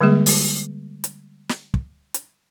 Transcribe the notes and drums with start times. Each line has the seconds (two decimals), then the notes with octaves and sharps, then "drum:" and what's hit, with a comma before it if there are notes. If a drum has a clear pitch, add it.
0.01 D3 G3 G#3 A#3 G#4
0.26 drum: open hi-hat
1.04 drum: hi-hat
1.49 drum: snare
1.74 drum: kick
2.14 drum: hi-hat